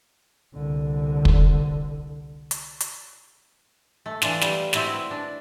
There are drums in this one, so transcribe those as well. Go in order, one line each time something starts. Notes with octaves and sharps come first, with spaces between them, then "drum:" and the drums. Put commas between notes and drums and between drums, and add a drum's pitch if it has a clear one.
C2 D3
drum: kick
drum: hi-hat
drum: hi-hat
A3
E3 D4 F4, drum: snare
G3 F4, drum: snare
C4 E4 F#4 B4 D5, drum: snare
B4
D4